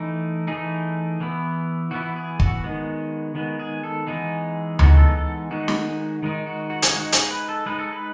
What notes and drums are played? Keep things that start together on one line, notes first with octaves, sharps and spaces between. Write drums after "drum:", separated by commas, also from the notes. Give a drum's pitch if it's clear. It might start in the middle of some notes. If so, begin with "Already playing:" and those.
Already playing: E3 A3 D#4
E3 A3 D#4 G#4
E3 B3 E4
E3 B3 E4 F#4
G#4
F#4, drum: kick
D#3 G#3 B3
D#3 G#3 B3
G#4
A4
E3 G#3 B3 D#4 G#4
E3 G#3 B3 D#4 F#4, drum: tom D2
A4
A4
D#3 G#3 D#4 F#4
drum: snare
D#3 G#3 D#4
F#4
F#4
G#4, drum: hi-hat
G#3 D#4 F#4
G#4, drum: hi-hat
B4
A4
G#3 D#4 B4
A4
B4